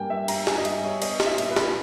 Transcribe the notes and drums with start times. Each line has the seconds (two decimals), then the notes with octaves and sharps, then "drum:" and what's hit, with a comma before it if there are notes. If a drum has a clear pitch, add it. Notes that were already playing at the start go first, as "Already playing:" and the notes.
Already playing: G2 G3 A#3 G5 G#5
0.10 G2 E5
0.28 G2 A#5, drum: cymbal
0.47 G2 G#5, drum: snare
0.58 D#5
0.65 G3 E5, drum: cymbal
0.83 G2 C#5
1.02 B3 D#5, drum: cymbal
1.20 G3, drum: snare
1.26 E5
1.38 A#2, drum: cymbal
1.51 B4
1.56 A#2, drum: snare